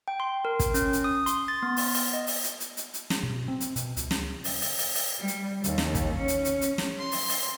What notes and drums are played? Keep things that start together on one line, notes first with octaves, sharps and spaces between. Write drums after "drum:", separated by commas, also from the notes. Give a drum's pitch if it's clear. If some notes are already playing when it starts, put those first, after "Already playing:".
G5
C6
A#4
drum: kick, hi-hat
C#4, drum: hi-hat
drum: hi-hat
D#6
C6, drum: hi-hat
A6
B3
drum: open hi-hat
drum: open hi-hat
D#5
drum: open hi-hat
drum: hi-hat
drum: hi-hat
drum: hi-hat
drum: hi-hat
drum: snare
B2
C4
drum: hi-hat
B2, drum: hi-hat
C#2, drum: hi-hat
drum: snare
drum: open hi-hat
drum: open hi-hat
drum: open hi-hat
drum: open hi-hat
G3
drum: hi-hat
D#2, drum: hi-hat
drum: snare
drum: kick, hi-hat
C#4
drum: hi-hat
drum: hi-hat
drum: hi-hat
drum: snare
C6
drum: open hi-hat
drum: open hi-hat